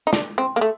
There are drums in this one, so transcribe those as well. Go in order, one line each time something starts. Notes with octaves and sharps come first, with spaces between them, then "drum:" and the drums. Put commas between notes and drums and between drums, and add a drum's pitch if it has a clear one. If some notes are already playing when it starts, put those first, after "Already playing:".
D#4
D4, drum: snare
C4
A#3
A3